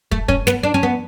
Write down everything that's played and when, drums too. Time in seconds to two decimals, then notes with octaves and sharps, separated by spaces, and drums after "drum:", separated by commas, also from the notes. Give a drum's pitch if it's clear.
0.11 A3, drum: kick
0.28 C#4, drum: kick
0.47 B3, drum: snare
0.63 D4
0.74 C#4
0.83 B3